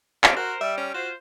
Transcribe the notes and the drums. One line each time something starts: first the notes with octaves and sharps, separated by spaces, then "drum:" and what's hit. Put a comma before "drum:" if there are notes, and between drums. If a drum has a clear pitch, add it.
G3 A3 C4 C#4, drum: clap
F#4 A#4 C5
G3 E5
C#4
F4 F#4 C5